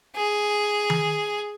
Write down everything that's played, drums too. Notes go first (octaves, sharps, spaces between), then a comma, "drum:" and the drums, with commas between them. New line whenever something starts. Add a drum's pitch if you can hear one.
G#4
drum: tom D#3